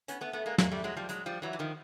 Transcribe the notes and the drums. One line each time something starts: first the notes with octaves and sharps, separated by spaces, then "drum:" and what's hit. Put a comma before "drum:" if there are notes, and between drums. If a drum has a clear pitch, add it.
B3 C#4, drum: hi-hat
A3 B3
A3 B3
G#3 A#3
G#3 A#3, drum: snare
G3 A3
F#3 G#3
F3 G3
F#3 G#3, drum: hi-hat
F3 G3
E3 F#3
E3
D#3 F3